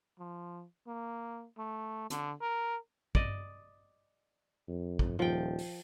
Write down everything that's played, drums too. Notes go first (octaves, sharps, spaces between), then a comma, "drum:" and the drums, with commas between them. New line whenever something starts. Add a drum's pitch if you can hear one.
F3
A#3
A3
D3, drum: hi-hat
A#4
D5 D#5, drum: kick
F2
drum: kick
D#1 F3 G5
drum: open hi-hat